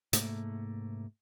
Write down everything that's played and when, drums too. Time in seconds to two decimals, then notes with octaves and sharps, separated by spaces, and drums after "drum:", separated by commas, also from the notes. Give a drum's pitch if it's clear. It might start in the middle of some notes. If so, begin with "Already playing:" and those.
0.13 G#2 C3 A3 A#3, drum: hi-hat